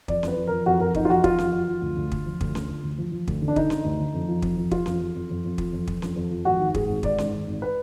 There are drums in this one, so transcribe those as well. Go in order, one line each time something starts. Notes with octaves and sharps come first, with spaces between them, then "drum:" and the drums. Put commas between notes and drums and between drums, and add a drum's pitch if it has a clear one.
F2 D5, drum: kick
F2 B4, drum: snare C#4
F3
F3 A#4
F2 F#4
F2 A#4
F2 D#4, drum: kick
F4
F3 F#4
F2 F4, drum: kick
F3, drum: snare C#4
F3
F3
D2
D2
D2, drum: kick
F3
D2, drum: kick
D2, drum: snare C#4
D3
D2
F3
F3
D2, drum: kick
D3
D4
D3 D#4, drum: kick
D3, drum: snare C#4
D2
D3
F2
F3
F2, drum: kick
F3
F3 F4, drum: kick
F2, drum: snare C#4
F2
F2
F2
F2
F3, drum: kick
F2
F2, drum: kick
F3, drum: snare C#4
F2
F3
G#1 F#4
D#3
G#2 G#4, drum: kick
G#1
G#1 D5, drum: kick
G#2, drum: snare C#4
D#3
G#1
B4